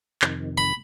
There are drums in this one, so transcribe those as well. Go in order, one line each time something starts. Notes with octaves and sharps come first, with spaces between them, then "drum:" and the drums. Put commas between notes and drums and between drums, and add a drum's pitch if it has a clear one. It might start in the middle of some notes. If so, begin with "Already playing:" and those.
F2 C3 D#3, drum: clap
B5